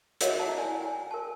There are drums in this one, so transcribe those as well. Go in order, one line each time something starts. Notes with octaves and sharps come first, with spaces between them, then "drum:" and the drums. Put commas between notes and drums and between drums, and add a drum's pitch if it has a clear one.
F#4 A#4 C#5 D#5 E5 F#5, drum: hi-hat
F#5 A5 A#5
E4 D5 G#5
G5 G#5
A#4 A5